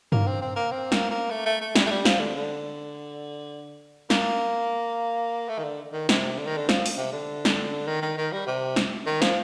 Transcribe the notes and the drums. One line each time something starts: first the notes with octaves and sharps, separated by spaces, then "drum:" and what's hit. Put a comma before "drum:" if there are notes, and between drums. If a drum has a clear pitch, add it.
A#3, drum: tom G2
C4
C4
A#3
C4
A#3, drum: snare
A#3
A3
A3
A3
G3, drum: snare
A3
G3
F3, drum: snare
D3
D3
A#3, drum: snare
A3
D#3
D3
D#3
C3, drum: snare
D3
D#3
D3
F3, drum: snare
drum: open hi-hat
C3
D3
drum: snare
D#3
D#3
D#3
G3
C3
drum: snare
D#3
F3, drum: snare